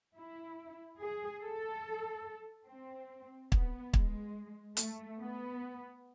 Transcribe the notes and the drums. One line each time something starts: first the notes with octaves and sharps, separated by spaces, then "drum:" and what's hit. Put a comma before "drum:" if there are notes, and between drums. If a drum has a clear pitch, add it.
E4
G#4
A4
C4
B3, drum: kick
G#3, drum: kick
A3, drum: hi-hat
B3